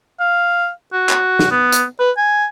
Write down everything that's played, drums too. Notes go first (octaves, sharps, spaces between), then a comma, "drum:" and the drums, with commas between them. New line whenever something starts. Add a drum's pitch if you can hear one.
F5
F#4
drum: clap
drum: snare
B3
drum: hi-hat
B4
G#5